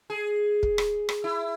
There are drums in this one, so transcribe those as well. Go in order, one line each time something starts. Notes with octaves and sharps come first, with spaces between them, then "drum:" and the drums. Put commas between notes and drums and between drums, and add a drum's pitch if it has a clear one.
G#4
drum: kick
drum: rim click
drum: rim click
E4